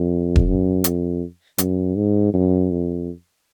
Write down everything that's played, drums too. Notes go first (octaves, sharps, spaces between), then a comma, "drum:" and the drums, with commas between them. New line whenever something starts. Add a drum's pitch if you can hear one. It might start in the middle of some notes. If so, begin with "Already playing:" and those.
Already playing: F2
drum: kick E1
F#2
F2, drum: hi-hat
F#2, drum: hi-hat
G#2
F#2
F2